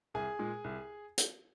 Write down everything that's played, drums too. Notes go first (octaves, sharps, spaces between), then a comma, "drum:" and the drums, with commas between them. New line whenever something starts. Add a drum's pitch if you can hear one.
C2 G#4 G#5
A#2 G#3
C2
drum: hi-hat